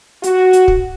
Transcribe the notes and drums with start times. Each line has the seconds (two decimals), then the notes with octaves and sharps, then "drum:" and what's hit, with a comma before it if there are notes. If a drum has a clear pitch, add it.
0.24 F#4, drum: hi-hat
0.53 drum: hi-hat
0.68 drum: kick